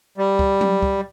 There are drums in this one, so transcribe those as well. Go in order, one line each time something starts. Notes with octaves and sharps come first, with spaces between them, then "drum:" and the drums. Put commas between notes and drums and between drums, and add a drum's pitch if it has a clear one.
G3
drum: kick
drum: tom F#3
drum: kick